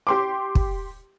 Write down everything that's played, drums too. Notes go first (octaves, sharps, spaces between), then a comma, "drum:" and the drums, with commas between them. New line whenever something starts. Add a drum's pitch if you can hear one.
G4 C6 D6
drum: kick